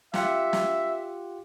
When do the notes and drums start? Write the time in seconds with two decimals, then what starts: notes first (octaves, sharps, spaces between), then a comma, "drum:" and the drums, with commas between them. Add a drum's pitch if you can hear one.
0.14 F4 G4 E5 F#5, drum: snare
0.53 drum: snare